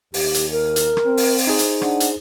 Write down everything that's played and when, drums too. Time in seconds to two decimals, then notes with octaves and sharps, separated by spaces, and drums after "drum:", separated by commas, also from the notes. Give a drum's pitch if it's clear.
0.14 D#2 G4, drum: open hi-hat
0.35 drum: hi-hat
0.51 A#4
0.76 drum: hi-hat
0.97 drum: rim click
1.06 C4
1.17 drum: open hi-hat
1.38 drum: open hi-hat
1.47 D#4 G#4 C5
1.59 drum: hi-hat
1.81 D4 F#5, drum: rim click
2.00 drum: hi-hat